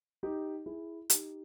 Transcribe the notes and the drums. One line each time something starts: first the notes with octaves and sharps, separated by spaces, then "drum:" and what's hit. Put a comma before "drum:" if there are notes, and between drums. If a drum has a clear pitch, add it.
D#4 G4
E4 G#4
D#4 G4, drum: hi-hat